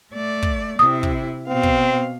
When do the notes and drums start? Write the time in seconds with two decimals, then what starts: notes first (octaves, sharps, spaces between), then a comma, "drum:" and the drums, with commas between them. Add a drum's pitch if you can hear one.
0.12 A3 D5
0.42 drum: kick
0.79 C3 E4 D#6
1.03 drum: kick
1.47 B2 C4 F5
1.63 drum: kick